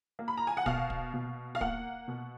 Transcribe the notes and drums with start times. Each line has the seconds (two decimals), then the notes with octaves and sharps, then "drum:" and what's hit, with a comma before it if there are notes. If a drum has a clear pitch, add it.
0.19 A#3
0.28 B5
0.37 A#5
0.47 G#5
0.57 F#5
0.66 B2 F5, drum: kick
0.90 drum: kick
1.14 B2
1.55 F5
1.61 A#3 F#5, drum: kick
2.08 B2